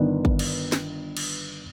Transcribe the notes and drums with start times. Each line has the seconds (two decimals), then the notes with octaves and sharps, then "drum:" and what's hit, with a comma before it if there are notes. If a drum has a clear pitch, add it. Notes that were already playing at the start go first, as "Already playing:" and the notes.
Already playing: G1 G2 D#3 B3 D4
0.25 drum: kick
0.39 drum: cymbal
0.72 drum: snare
1.17 drum: cymbal